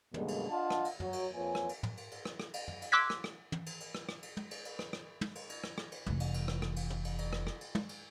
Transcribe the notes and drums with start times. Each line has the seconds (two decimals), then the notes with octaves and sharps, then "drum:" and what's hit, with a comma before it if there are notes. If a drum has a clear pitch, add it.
0.14 F#2 B2 D3 G3 G#3 A#3, drum: tom
0.28 drum: cymbal
0.50 D4 F4 D#5 F5 F#5 A5
0.70 drum: rim click
0.85 drum: cymbal
1.00 F#3, drum: tom
1.13 drum: cymbal
1.33 F2 A#3 F4 B4 C#5 G#5
1.55 drum: rim click
1.69 drum: cymbal
1.83 drum: tom
1.97 drum: cymbal
2.11 drum: cymbal
2.25 drum: rim click
2.40 drum: rim click
2.54 drum: cymbal
2.68 drum: tom
2.82 drum: cymbal
2.92 C6 D6 E6 F#6 G#6 B6
3.10 drum: rim click
3.24 drum: rim click
3.52 drum: tom
3.66 drum: cymbal
3.80 drum: cymbal
3.95 drum: rim click
4.09 drum: rim click
4.23 drum: cymbal
4.37 drum: tom
4.51 drum: cymbal
4.65 drum: cymbal
4.79 drum: rim click
4.93 drum: rim click
5.21 drum: tom
5.35 drum: cymbal
5.49 drum: cymbal
5.64 drum: rim click
5.78 drum: rim click
5.92 drum: cymbal
6.06 F1 E3, drum: tom
6.20 drum: cymbal
6.34 drum: cymbal
6.48 drum: rim click
6.62 drum: rim click
6.76 drum: cymbal
6.90 drum: tom
7.04 drum: cymbal
7.19 drum: cymbal
7.33 drum: rim click
7.47 drum: rim click
7.61 drum: cymbal
7.75 drum: tom
7.89 drum: cymbal